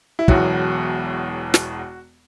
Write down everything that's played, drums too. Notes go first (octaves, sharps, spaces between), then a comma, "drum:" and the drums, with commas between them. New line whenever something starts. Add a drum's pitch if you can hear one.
E4
E1 E2 B2 F#3 F#4, drum: kick
drum: snare